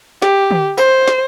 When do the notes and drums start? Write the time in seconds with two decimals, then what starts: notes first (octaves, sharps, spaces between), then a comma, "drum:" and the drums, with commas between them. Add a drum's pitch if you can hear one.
0.22 G4, drum: snare
0.51 drum: tom
0.78 C5, drum: tambourine
1.08 drum: snare